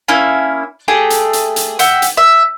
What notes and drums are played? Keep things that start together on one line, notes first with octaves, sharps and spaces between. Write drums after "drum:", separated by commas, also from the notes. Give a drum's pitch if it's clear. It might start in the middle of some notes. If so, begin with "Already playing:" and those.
A#3 C#4 E4
A3 G4 G#4
drum: hi-hat
drum: hi-hat
drum: hi-hat
E5 F#5 G5, drum: hi-hat
drum: hi-hat
E5